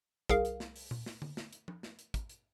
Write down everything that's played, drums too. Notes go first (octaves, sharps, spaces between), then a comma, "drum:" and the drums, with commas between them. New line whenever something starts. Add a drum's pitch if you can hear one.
C2 G#4 A#4 F5, drum: kick, hi-hat
drum: hi-hat
drum: snare
drum: open hi-hat
drum: tom A#2
drum: snare
drum: tom D3
drum: snare
drum: hi-hat
drum: tom
drum: snare
drum: hi-hat
drum: kick, hi-hat
drum: hi-hat